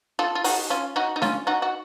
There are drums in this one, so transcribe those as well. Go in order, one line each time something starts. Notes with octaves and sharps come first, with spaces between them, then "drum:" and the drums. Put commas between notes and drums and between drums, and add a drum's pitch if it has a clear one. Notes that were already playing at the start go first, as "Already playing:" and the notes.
F4 A4
F4
D#4 F#4, drum: open hi-hat
C#4 F4
D#4 F#4
D#4
C#4 F4, drum: snare D4
D#4 F#4
F#4